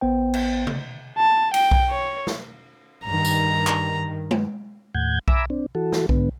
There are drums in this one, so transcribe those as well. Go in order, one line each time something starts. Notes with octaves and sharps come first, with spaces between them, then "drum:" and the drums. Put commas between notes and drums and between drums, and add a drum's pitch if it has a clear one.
A1 B3 C5 G5
drum: cymbal
drum: tom C3
A5
G5, drum: cymbal
drum: kick B1
C#5
drum: snare
G2 D#3 A#5
drum: tambourine
drum: clap
drum: tom G#3
D#2 A2 F#5 G6 G#6
E5 G#5 A#5 B5 D6 E6, drum: kick B1
C4 D4
E3 F#4 A4
drum: snare
G#2 D3 B3, drum: kick B1